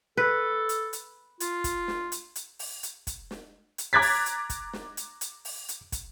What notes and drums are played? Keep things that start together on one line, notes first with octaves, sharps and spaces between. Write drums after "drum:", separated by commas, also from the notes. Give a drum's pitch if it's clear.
A4 B4
drum: hi-hat
drum: hi-hat
F4, drum: hi-hat
drum: kick, hi-hat
drum: snare
drum: hi-hat
drum: hi-hat
drum: open hi-hat
drum: hi-hat
drum: kick, hi-hat
drum: snare
drum: hi-hat
A#5 D6 F#6 G#6 A6 B6
drum: open hi-hat
drum: hi-hat
drum: kick, hi-hat
drum: snare
drum: hi-hat
drum: hi-hat
drum: open hi-hat
drum: hi-hat
drum: kick, hi-hat